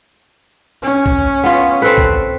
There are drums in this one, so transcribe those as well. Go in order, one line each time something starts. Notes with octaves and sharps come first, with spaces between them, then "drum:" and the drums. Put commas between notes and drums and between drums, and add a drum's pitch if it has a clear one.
C#4
drum: kick B1
B3 F4
C4 A4 B4
drum: kick B1